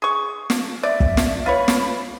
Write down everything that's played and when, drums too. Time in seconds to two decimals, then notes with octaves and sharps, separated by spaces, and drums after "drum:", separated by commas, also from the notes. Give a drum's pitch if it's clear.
0.02 G#4 C#6
0.50 drum: snare
0.83 D5 E5
1.00 drum: kick
1.17 drum: snare
1.46 F4 B4 C#5 B5
1.68 drum: snare